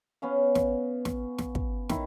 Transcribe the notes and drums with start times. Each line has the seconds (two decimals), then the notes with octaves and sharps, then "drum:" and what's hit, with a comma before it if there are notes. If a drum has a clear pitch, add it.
0.22 B3 C#4 F5
0.55 drum: snare
1.05 drum: snare
1.38 drum: snare
1.55 drum: kick
1.89 D#3 E4, drum: snare